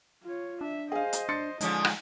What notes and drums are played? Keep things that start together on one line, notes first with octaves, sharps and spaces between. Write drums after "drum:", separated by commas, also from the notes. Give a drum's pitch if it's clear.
F4 C#5
D4 E5
G#4 C5 D#5 F5
drum: hi-hat
D4 C6 A6 C#7
D3 F3 G#3 C#4 D#4, drum: hi-hat
drum: rim click